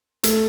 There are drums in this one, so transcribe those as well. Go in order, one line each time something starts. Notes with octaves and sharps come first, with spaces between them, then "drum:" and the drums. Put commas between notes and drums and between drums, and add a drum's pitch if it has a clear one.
A3, drum: hi-hat